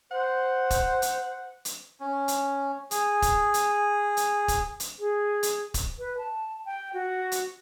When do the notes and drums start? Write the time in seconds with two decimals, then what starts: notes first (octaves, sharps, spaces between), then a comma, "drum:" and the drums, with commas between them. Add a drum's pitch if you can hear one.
0.11 C5 F#5
0.70 drum: kick, hi-hat
1.02 drum: hi-hat
1.65 drum: hi-hat
2.00 C#4
2.28 drum: hi-hat
2.91 G#4, drum: hi-hat
3.22 drum: kick, hi-hat
3.54 drum: hi-hat
4.17 drum: hi-hat
4.48 drum: kick, hi-hat
4.80 drum: hi-hat
4.99 G#4
5.43 drum: hi-hat
5.74 drum: kick, hi-hat
5.99 B4
6.18 A5
6.65 G5
6.94 F#4
7.32 drum: hi-hat